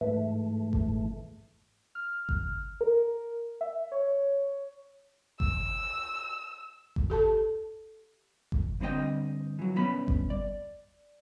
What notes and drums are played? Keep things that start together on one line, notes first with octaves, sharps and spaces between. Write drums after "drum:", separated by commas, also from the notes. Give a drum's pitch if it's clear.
G#2 E3 A3
drum: kick G1
F6
drum: kick G1
A#4
E5
C#5
E6, drum: kick G1
drum: kick G1
G4 A4 A5
drum: kick G1
G2 D3 C4 E4 D#5 G5
E3 F#3
C2 G2 B3 C#4 B5
drum: kick G1
D5